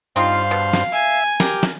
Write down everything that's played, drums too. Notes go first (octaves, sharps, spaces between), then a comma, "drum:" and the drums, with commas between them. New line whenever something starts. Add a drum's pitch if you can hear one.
G2 C4 D#4 F4 C5 F5
B2
drum: snare
E5 G#5
G4 A#4, drum: snare
drum: snare